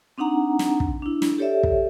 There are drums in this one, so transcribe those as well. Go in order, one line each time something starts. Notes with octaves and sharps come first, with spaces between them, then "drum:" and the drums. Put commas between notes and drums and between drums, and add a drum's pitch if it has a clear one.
C4 D4 D#4 F#5 A#5
drum: snare
drum: kick
D4 E4
drum: snare
G4 A4 C#5 D5 E5
drum: kick